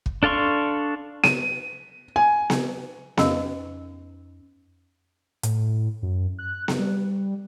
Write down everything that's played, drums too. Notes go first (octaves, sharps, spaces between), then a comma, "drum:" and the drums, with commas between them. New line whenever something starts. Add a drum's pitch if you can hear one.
drum: kick
D4 A4 F5 C6 C#6
D#7, drum: snare B3
G#5
drum: snare B3
F2 C#4 D#5 E6, drum: snare B3
A2, drum: hi-hat
F#2
F#6
drum: snare B3
G3